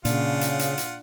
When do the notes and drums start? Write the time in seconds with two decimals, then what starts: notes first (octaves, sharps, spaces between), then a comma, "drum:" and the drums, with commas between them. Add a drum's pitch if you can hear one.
0.05 A#2 C#3 D4 F4 F#5, drum: hi-hat
0.41 drum: hi-hat
0.59 drum: hi-hat
0.78 drum: hi-hat